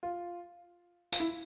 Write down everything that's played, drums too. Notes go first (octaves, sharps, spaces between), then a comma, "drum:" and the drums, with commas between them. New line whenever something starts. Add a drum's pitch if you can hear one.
F4
F4, drum: tambourine
E4